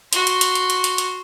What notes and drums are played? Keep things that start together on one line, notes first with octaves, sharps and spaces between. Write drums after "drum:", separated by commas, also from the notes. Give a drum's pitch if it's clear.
F#4 C6, drum: hi-hat
drum: hi-hat
drum: hi-hat
drum: hi-hat
drum: hi-hat
drum: hi-hat
drum: hi-hat